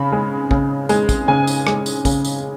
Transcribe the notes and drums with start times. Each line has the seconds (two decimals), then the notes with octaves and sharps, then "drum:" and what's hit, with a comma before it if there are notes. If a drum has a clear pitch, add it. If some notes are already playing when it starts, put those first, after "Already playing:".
Already playing: C#3 B5
0.12 G#3
0.51 C#3, drum: kick
0.89 G#3, drum: tambourine
1.09 drum: kick, tambourine
1.28 C#3 G#5
1.47 drum: tambourine
1.67 G#3, drum: rim click
1.86 drum: tambourine
2.05 C#3, drum: kick, tambourine
2.25 drum: tambourine